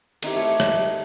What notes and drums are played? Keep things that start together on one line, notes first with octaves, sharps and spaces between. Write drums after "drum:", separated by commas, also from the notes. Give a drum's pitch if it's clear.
C4 D#4 E4 G4, drum: cymbal
A3 A4 C#5 F5
drum: rim click